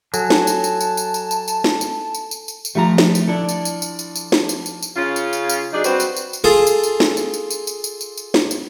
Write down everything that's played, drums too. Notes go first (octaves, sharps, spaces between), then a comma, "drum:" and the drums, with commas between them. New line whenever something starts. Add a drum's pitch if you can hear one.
F#3 A4 G#5 A5, drum: tambourine
drum: snare
drum: tambourine
drum: tambourine
drum: tambourine
drum: tambourine
drum: tambourine
drum: tambourine
drum: tambourine
drum: snare
drum: tambourine
drum: tambourine
drum: tambourine
drum: tambourine
drum: tambourine
F3 G3 A3 E5 A#5
drum: snare
drum: tambourine
D4 E4 A4
drum: tambourine
drum: tambourine
drum: tambourine
drum: tambourine
drum: tambourine
drum: snare
drum: tambourine
drum: tambourine
drum: tambourine
C#3 C#4 F4
drum: tambourine
drum: tambourine
drum: tambourine
F#3 D4 D#4 G#4 D5
G3 C4 F#4 B4 C5, drum: tambourine
drum: tambourine
drum: tambourine
drum: tambourine
F4 G#4 A4
drum: tambourine
drum: tambourine
drum: snare
drum: tambourine
drum: tambourine
drum: tambourine
drum: tambourine
drum: tambourine
drum: tambourine
drum: tambourine
drum: snare
drum: tambourine